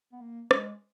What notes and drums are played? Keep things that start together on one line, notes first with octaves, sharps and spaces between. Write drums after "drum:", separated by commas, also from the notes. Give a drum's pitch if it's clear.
B3
A#3
G#3, drum: rim click